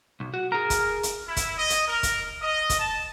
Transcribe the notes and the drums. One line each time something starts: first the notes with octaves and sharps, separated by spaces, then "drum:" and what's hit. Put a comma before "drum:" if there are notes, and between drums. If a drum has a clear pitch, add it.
B1
F#4
G#4 A#4 A#5
drum: kick, hi-hat
drum: hi-hat
E4
drum: kick, hi-hat
D#5
drum: hi-hat
A#4
drum: kick, hi-hat
D#5
drum: kick, hi-hat
A5